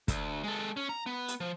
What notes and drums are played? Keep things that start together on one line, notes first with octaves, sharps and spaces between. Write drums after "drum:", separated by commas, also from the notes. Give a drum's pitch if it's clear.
D2, drum: kick, hi-hat
G#3 A4
C#4
A#5
B3
drum: hi-hat
F3